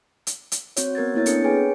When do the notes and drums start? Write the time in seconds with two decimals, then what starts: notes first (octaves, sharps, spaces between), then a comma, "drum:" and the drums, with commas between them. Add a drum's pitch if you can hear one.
0.27 drum: hi-hat
0.52 drum: hi-hat
0.77 C4 F#4 C#5, drum: hi-hat
0.95 B3 A#4 G#6 A6
1.15 A#3 B3 E4 C#5 A6
1.26 B3 C4 D4 A4 C#7, drum: hi-hat
1.44 G#4 B4 C#5 G5 G#5